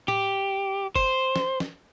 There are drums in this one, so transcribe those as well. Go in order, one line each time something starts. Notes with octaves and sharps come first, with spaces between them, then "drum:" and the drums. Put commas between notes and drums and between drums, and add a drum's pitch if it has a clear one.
G4, drum: tom A2
C5, drum: kick F#1
drum: snare
drum: snare